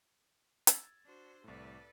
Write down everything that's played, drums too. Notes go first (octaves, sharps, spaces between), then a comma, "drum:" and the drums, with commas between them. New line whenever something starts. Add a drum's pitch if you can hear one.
E6 G#6 A6, drum: hi-hat
D4 F#4 C5
C2 A2 A4 B4 D5